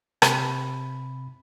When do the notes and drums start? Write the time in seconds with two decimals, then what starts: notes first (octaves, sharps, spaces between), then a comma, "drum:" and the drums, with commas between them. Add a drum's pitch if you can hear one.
0.22 C3 B5, drum: rim click